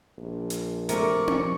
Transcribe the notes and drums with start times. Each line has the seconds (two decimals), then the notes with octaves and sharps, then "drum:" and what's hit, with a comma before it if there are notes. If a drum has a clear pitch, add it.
0.18 A#1
0.50 drum: hi-hat
0.89 C3 A3 A#4 D5 C#6, drum: hi-hat
1.28 drum: tom C4